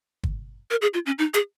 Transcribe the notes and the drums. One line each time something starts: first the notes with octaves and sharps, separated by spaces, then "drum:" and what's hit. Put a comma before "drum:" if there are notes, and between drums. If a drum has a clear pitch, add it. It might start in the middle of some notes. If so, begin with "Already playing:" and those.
drum: kick
A#4
G#4
F4
C#4
D#4
G#4, drum: hi-hat